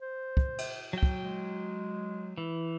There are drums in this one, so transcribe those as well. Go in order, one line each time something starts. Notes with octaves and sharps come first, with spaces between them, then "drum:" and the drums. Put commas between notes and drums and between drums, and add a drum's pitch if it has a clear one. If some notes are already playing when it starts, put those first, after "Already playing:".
C5
drum: kick
drum: cymbal
F#3 G5
drum: kick
G#3
E3